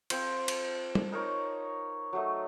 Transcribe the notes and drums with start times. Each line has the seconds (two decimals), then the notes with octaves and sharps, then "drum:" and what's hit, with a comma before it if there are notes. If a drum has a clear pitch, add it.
0.10 C4 F4 C5, drum: cymbal
0.48 drum: cymbal
0.95 drum: tom G3
1.12 D#4 A#4 C#5
2.13 F#3 A3 D#4